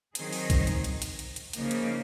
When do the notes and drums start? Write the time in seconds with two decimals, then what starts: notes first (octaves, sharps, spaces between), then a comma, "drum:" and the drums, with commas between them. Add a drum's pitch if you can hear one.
0.15 D#3 F#3 C4 D#4 G#4, drum: hi-hat
0.33 drum: open hi-hat
0.50 drum: kick B1, hi-hat
0.67 drum: hi-hat
0.84 drum: hi-hat
1.02 drum: hi-hat
1.19 drum: hi-hat
1.36 drum: hi-hat
1.53 C#3 F3 A#3 D#4, drum: hi-hat
1.71 drum: hi-hat